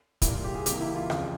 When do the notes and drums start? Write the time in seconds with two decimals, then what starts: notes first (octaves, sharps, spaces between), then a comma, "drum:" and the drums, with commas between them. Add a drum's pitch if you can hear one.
0.22 C2 A#2 G3 A#3 E4, drum: kick, hi-hat
0.33 F4
0.44 G4
0.55 G#4
0.66 C#2 C3 E3 A#3 G4, drum: hi-hat
0.81 E4
0.96 F4
1.10 F2 C#3 F3 F4, drum: rim click